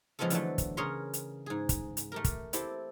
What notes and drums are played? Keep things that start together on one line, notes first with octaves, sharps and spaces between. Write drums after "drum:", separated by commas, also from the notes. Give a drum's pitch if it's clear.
C#3 F3 G#3 B3 F4 A4
D3 E3 F#3 A3, drum: hi-hat
drum: kick, hi-hat
C#3 G#4 A#4 C#5 C6
drum: hi-hat
G#2 G#4
drum: kick, hi-hat
drum: hi-hat
A3 G4 A#4
drum: kick, hi-hat
C4 E4 G4 A4, drum: hi-hat